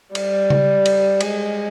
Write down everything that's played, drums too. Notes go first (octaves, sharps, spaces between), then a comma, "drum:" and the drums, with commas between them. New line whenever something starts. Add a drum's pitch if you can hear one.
G3, drum: cymbal
drum: tom C#3
drum: cymbal
G#3, drum: cymbal